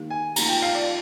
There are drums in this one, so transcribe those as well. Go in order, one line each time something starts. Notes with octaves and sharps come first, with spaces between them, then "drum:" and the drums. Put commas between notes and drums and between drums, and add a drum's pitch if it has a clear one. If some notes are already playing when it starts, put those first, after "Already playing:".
Already playing: D#3 A#3 D#4 G4
G#5
F3 A#3 D#4 G4 A#5, drum: cymbal
G5
F5
D5